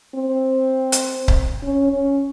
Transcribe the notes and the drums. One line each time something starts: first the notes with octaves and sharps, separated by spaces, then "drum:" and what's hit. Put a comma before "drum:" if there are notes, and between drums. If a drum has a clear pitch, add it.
C4
drum: hi-hat
drum: kick C#1
C#4
C#4